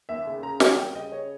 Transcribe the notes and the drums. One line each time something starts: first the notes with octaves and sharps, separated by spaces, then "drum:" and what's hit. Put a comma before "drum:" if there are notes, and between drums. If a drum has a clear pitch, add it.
D#2 E5
C#3
C#3 A#5
D#2 G#5, drum: snare
G3 G5
C#3 D#5
C#3 C#5